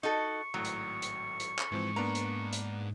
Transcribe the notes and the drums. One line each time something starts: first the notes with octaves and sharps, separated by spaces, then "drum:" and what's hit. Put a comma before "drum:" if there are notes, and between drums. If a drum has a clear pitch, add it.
D#4 F#4 A4 C#6
G#1 A2 F#3
drum: hi-hat
drum: hi-hat
drum: hi-hat
drum: clap
G#2 E3 F3 G#3 C4
A#3 B3 D4 A#5
drum: hi-hat
drum: hi-hat